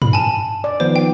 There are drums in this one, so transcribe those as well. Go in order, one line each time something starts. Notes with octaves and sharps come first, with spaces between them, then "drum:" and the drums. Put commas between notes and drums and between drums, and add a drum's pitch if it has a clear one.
B5, drum: tom
G#5 A5
D5
D#3 F3 B3 C5
G5